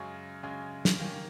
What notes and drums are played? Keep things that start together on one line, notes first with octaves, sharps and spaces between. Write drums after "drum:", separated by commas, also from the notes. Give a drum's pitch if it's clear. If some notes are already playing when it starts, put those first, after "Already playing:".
Already playing: F#2 C#3 G#3 C#4
F#2 C#3 G#3 C#4
drum: snare
D#3 A#3 C#4